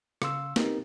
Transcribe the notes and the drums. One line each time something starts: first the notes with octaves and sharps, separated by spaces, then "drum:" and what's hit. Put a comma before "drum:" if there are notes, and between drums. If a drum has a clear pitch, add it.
C#3 F5 C6 E6, drum: rim click
B3 C4 D#4 G4 A#4, drum: snare